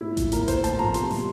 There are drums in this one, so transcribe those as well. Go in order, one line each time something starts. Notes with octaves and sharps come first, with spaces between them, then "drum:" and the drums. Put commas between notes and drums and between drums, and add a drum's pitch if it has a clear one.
A2 E4
F3, drum: kick A1, hi-hat
A2 A#4, drum: hi-hat
A3 C5, drum: kick A1, hi-hat
A2 A5, drum: hi-hat
F3 A#5, drum: tom F#2
C3 C6, drum: hi-hat
G3, drum: snare